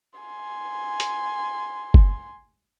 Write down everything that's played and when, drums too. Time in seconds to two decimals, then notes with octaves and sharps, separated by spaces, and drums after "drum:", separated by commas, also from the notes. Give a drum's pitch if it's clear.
0.20 G#5 C6
1.00 drum: hi-hat
1.94 drum: kick F#1